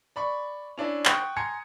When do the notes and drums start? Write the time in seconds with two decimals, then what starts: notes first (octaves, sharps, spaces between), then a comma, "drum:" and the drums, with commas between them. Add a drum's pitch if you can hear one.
0.16 D5 B5 C#6
0.78 C#4 D4 E4
1.05 F#5 G5 C#6 D#6, drum: clap
1.36 G#5 A#5 C6 G#6 C#7